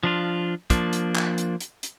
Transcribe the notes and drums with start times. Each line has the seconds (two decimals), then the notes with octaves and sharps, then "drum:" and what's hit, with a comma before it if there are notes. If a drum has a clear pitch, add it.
0.03 F3 D4 F4
0.70 F3 A#3 D4, drum: kick, hi-hat
0.93 drum: hi-hat
1.15 drum: clap
1.38 drum: hi-hat
1.60 drum: hi-hat
1.83 drum: hi-hat